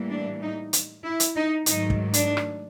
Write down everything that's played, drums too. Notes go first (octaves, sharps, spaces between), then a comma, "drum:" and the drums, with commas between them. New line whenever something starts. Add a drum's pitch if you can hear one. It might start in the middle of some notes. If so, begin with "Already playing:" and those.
Already playing: A2 E3 G3 A#3
D4
D#4
drum: hi-hat
E4
drum: hi-hat
D#4
G#2 D#3 F#3 A3 D#4, drum: hi-hat
drum: kick
D4, drum: hi-hat
drum: rim click